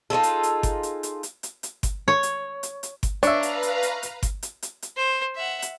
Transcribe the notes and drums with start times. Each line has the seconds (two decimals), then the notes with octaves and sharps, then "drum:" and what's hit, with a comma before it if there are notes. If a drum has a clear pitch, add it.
0.10 D#4 F4 G#4 A4
0.23 drum: hi-hat
0.43 drum: hi-hat
0.63 drum: kick G1, hi-hat
0.83 drum: hi-hat
1.03 drum: hi-hat
1.23 drum: hi-hat
1.43 drum: hi-hat
1.63 drum: hi-hat
1.83 drum: kick G1, hi-hat
2.08 C#5
2.23 drum: hi-hat
2.63 drum: hi-hat
2.83 drum: hi-hat
3.03 drum: kick G1, hi-hat
3.23 D4 B4 C#5 E5 F5 A#5, drum: hi-hat
3.43 drum: hi-hat
3.63 drum: hi-hat
3.83 drum: hi-hat
4.03 drum: hi-hat
4.23 drum: kick G1, hi-hat
4.43 drum: hi-hat
4.62 drum: hi-hat
4.82 drum: hi-hat
4.97 C5
5.36 E5 F#5
5.62 drum: hi-hat